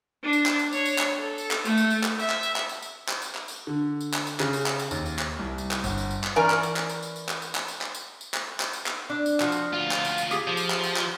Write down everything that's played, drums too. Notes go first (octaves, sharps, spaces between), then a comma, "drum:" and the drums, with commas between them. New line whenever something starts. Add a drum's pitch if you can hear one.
D4
drum: tambourine
drum: clap
drum: tambourine
D4 C#5, drum: tambourine
drum: tambourine
drum: clap
A4
drum: tambourine
drum: clap
A3, drum: tambourine
drum: tambourine
drum: tambourine
drum: clap
E5, drum: tambourine
drum: clap
drum: tambourine
drum: clap
drum: tambourine
drum: tambourine
drum: clap
drum: tambourine
drum: clap
drum: tambourine
D3
drum: tambourine
drum: clap
drum: tambourine
C#3, drum: clap
drum: tambourine
drum: clap
drum: tambourine
D#2, drum: tambourine
drum: tambourine
drum: clap
C2
drum: tambourine
drum: clap
G1, drum: tambourine
drum: tambourine
drum: tambourine
drum: clap
E3 C#4 A#4 D5 G#5 A#5
drum: clap
drum: tambourine
drum: clap
drum: tambourine
drum: tambourine
drum: tambourine
drum: clap
drum: tambourine
drum: clap
drum: tambourine
drum: clap
drum: tambourine
drum: tambourine
drum: clap
drum: clap
drum: tambourine
drum: clap
D4
drum: tambourine
F3 F#4, drum: clap
drum: tambourine
D2 F4
drum: clap
drum: tambourine
drum: tambourine
G4 G#4, drum: tambourine
F3
drum: tambourine
drum: clap
drum: tambourine
drum: clap